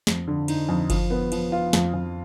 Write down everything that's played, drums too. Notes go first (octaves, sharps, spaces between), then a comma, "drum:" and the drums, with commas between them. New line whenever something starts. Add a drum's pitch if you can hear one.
F2, drum: snare
D3
D#4, drum: cymbal
F2
F3, drum: kick G1, cymbal
B3
F3, drum: cymbal
F4
F2, drum: snare
F2